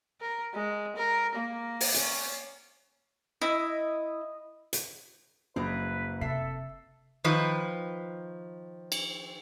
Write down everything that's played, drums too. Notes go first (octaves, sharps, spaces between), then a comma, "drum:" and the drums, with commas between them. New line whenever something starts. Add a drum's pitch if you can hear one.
A#4
G#3
A#4
A#3
drum: open hi-hat
C#4, drum: hi-hat
E4 D#5
drum: hi-hat
F#1 G3 G#3 C4 B4
F1 C3 A4 E5 C7
D#3 F3 B4
drum: cymbal